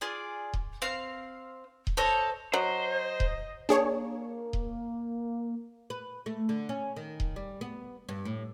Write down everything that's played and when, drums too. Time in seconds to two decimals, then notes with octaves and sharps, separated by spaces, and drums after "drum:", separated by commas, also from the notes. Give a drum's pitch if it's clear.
0.01 F4 G#4 D5
0.53 drum: kick D#1
0.82 C4 F5
1.87 drum: kick D#1
1.97 A4 C5 C#5 D#5
2.54 F#3 C5 D#5
3.20 drum: kick D#1
3.69 A#3 D4 G#4 C#5
4.53 drum: kick D#1
5.90 B4
6.26 A3
6.49 D3
6.69 C#4
6.96 D#3
7.20 drum: kick D#1
7.36 G3
7.61 B3
8.09 G2
8.25 A2